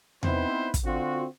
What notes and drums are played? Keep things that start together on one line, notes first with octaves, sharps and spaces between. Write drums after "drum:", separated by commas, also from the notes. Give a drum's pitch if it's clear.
B3 C4 D#4 E4 B4 C5, drum: tom E2
drum: kick, hi-hat
D3 C4 F4 F#4